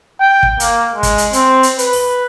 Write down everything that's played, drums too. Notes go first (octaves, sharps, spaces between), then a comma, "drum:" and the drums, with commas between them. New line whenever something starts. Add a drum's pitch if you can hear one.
G5
drum: kick
A#3, drum: hi-hat
G#3
drum: kick, hi-hat
drum: hi-hat
C4, drum: hi-hat
drum: hi-hat
B4, drum: hi-hat
drum: open hi-hat